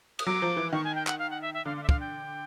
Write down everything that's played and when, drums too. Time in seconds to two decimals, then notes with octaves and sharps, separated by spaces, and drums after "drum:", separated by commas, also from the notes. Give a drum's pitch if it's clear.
0.19 D#6, drum: cymbal
0.26 F#3 D6
0.42 F3
0.57 E3
0.72 D#3 C#6
0.84 G#5
0.95 G5
1.07 F#5, drum: clap
1.19 F5
1.31 F#5
1.42 E5
1.54 E5
1.65 D3 F5
1.77 F5
1.83 E5
1.89 F5, drum: kick
2.00 G5